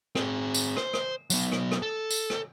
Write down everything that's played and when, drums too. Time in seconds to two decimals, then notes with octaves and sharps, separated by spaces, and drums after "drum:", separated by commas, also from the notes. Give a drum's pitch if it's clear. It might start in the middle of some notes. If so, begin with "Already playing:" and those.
0.15 C4 G#4, drum: rim click
0.54 drum: tambourine
0.77 C5, drum: rim click
0.93 drum: rim click
1.30 F#3 B3, drum: tambourine
1.52 drum: rim click
1.71 drum: rim click
1.82 A4
2.11 drum: tambourine
2.30 drum: rim click